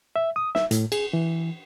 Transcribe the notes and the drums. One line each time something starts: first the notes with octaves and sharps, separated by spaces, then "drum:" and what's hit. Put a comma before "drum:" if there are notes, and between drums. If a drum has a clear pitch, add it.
E5
D#6
E5, drum: snare
A2, drum: hi-hat
G#4, drum: cymbal
E3